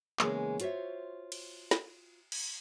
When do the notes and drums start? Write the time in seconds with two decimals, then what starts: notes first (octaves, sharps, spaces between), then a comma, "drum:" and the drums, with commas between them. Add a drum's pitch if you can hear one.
0.19 C#3 E3 G#3 A#3 B3, drum: clap
0.60 F4 F#4 C5 C#5 E5, drum: hi-hat
1.32 drum: cymbal
1.71 drum: snare
2.32 drum: cymbal